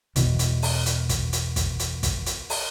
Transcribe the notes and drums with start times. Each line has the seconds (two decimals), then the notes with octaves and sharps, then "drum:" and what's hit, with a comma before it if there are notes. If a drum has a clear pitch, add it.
0.16 E2 B2 E3, drum: kick, hi-hat
0.39 drum: hi-hat
0.62 drum: open hi-hat
0.86 drum: hi-hat
1.09 drum: kick, hi-hat
1.33 drum: hi-hat
1.56 drum: kick, hi-hat
1.79 drum: hi-hat
2.03 drum: kick, hi-hat
2.26 drum: hi-hat
2.50 drum: open hi-hat